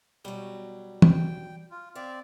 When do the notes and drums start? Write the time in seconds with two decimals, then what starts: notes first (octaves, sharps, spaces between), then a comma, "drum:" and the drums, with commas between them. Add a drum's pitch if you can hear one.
0.25 B2 F#3 G3
1.02 G5, drum: tom
1.71 F4
1.95 C4 D5 E5 F5